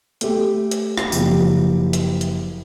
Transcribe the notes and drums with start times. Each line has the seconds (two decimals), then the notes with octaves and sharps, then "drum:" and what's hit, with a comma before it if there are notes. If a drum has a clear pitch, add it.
0.21 A3 G4, drum: hi-hat
0.71 drum: hi-hat
0.98 drum: rim click
1.12 F#1 F3 G4, drum: tambourine
1.93 drum: hi-hat
2.21 drum: hi-hat